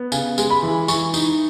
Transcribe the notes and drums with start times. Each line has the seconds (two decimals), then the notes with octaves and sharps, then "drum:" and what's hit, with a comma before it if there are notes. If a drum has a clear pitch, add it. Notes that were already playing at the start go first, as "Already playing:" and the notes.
Already playing: B3
0.12 C#3 G#5, drum: tambourine
0.38 G#3, drum: tambourine
0.50 B5
0.63 E3
0.88 E3 C#6, drum: tambourine
1.14 D#4, drum: tambourine